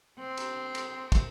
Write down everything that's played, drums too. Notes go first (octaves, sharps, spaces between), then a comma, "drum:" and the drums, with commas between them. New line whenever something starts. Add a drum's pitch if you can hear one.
C4
drum: cymbal
drum: cymbal
drum: kick, cymbal